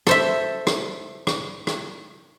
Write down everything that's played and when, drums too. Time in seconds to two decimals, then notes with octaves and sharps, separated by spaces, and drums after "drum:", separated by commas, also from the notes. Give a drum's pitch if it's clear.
0.07 A4 C5 E5, drum: rim click
0.67 drum: rim click
1.27 drum: rim click
1.67 drum: rim click